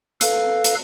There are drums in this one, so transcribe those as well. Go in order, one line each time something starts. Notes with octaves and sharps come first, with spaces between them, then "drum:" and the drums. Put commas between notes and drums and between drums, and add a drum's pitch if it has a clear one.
A4 B4 F5, drum: hi-hat
drum: hi-hat